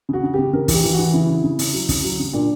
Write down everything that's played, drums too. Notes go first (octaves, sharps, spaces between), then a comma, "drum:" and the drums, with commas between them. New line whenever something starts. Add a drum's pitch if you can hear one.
C#3 F#4
C#3
G4
C#3
C#3 A#4
E3, drum: kick, open hi-hat
G4
E3
F#4
E3
C#3 E4
C#3
C#3
C#3, drum: open hi-hat
F#3
C#3, drum: kick, open hi-hat
F#3
C#3
A#2 D4